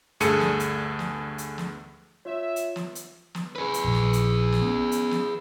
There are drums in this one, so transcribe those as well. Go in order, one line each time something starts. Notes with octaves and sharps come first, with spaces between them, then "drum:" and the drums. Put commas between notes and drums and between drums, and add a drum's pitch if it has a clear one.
D2 G2 G#4 A4 C#7 D#7, drum: hi-hat
drum: snare
drum: hi-hat
drum: snare
drum: hi-hat
drum: snare
F4 C#5 E5
drum: hi-hat
drum: snare
drum: hi-hat
drum: snare
G#4 B4
drum: hi-hat
A#1
drum: snare
drum: hi-hat
drum: snare
B3 C#4
drum: hi-hat
drum: snare